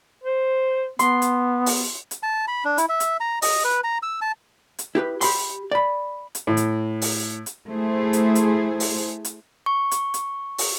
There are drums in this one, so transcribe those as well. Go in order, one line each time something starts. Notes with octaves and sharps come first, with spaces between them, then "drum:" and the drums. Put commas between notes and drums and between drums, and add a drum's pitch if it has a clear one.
C5
B3 C6, drum: hi-hat
drum: hi-hat
drum: open hi-hat
drum: hi-hat
A5
B5
D4
E4, drum: hi-hat
E5
drum: hi-hat
A#5
D#5, drum: open hi-hat
B4
A#5
E6
A5
drum: hi-hat
E4 G4 G#4 B4
G4 B5 C6, drum: open hi-hat
D5 B5
drum: hi-hat
A2
drum: hi-hat
drum: open hi-hat
drum: hi-hat
A3 E4 G#4 C5
drum: hi-hat
drum: hi-hat
drum: open hi-hat
drum: hi-hat
C#6
drum: hi-hat
drum: hi-hat
drum: open hi-hat